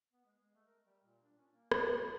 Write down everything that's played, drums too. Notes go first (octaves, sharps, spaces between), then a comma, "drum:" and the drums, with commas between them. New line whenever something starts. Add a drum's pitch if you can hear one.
B3
G#3
G#3
A3
A#4
G3
A#2
D4
C#4
A#3
B3, drum: rim click
F3